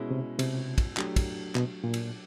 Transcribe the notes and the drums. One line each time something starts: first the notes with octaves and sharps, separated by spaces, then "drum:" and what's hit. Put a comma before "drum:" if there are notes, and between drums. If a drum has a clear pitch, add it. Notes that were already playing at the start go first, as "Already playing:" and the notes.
Already playing: B2 G#3 C#4 E4
C3
C3, drum: cymbal
drum: kick, cymbal
F#3 A3 D4 G4, drum: clap
drum: kick, cymbal
B2, drum: clap
A#2
drum: cymbal